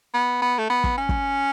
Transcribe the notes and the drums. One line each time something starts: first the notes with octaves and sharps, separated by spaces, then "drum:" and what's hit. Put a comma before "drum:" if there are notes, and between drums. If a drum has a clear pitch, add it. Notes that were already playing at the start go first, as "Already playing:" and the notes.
B3
B3
A3
B3
drum: kick
C#4
drum: kick